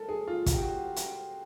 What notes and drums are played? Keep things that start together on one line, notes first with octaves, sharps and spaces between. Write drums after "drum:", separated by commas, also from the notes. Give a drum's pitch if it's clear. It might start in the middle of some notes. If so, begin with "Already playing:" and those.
Already playing: A4 A#4
G#4
F4
F#4, drum: kick, hi-hat
G4
F#4
drum: hi-hat